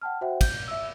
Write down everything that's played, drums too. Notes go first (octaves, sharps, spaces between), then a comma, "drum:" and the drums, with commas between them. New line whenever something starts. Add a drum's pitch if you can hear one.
F#5 G5 A5 F6
F#4 C5 E5 F#5 G5
G6, drum: kick, cymbal
E5 E6